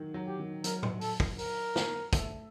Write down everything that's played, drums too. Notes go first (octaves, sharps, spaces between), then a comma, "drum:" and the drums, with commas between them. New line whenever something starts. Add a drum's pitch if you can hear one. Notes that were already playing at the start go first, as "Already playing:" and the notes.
Already playing: D#3 F#3
F#3
G4
D#3
F#3 A#4, drum: hi-hat
drum: tom
A4, drum: open hi-hat
drum: kick
A#4, drum: open hi-hat
drum: snare
A3, drum: kick, hi-hat